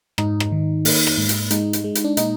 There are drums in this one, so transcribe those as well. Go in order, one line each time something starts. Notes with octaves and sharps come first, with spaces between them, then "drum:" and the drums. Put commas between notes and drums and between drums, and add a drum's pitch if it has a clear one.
G#2 D#4, drum: rim click
drum: rim click
D#3
A#3, drum: open hi-hat
drum: rim click
G#2
drum: hi-hat
G#3 D#4, drum: hi-hat
drum: hi-hat
G#3
drum: hi-hat
D4
A#2 D#4, drum: hi-hat